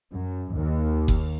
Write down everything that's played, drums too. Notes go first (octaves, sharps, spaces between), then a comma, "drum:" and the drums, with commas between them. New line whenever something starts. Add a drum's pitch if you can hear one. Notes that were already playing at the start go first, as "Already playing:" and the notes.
F#2
D#2
drum: kick F#1